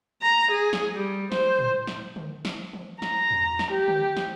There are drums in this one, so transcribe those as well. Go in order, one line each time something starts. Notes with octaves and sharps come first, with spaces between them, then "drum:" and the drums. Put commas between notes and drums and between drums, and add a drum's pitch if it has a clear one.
A#5
G#4
drum: snare
G3
C5, drum: snare
drum: tom A2
drum: snare
drum: tom D3
drum: snare
drum: tom E3
A#5, drum: snare
drum: tom E2
drum: snare
G4
drum: tom D3
drum: snare